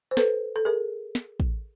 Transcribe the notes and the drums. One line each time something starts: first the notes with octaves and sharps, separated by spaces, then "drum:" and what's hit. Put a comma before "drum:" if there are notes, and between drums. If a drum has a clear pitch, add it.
C5
A4 B4, drum: snare
A4
G#4 A#4
drum: snare
drum: kick